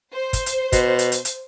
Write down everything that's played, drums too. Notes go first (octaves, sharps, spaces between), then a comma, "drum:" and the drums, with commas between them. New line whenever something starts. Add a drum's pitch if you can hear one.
C5
drum: kick, hi-hat
drum: hi-hat
B2, drum: kick, hi-hat
drum: hi-hat
drum: hi-hat
drum: hi-hat